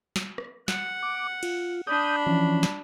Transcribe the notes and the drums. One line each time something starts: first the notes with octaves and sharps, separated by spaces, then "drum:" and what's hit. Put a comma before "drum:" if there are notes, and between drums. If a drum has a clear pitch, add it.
drum: snare
drum: rim click
F#5, drum: snare
D6
F4, drum: cymbal
D4 B5 D#6 G6
E3 F3 C#4
drum: snare